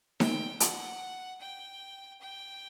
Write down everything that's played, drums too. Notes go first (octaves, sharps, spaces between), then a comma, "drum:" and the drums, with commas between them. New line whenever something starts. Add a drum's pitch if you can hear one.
G5, drum: snare D#4
F#5, drum: hi-hat
G5
G5